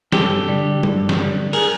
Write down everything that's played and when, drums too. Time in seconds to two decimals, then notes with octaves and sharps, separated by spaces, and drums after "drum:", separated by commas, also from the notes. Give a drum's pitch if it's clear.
0.12 G2 G4 A4, drum: snare
0.48 D3 G3
0.83 G2, drum: tom
1.09 drum: snare
1.19 D3 G3
1.53 G#4 A#4, drum: cymbal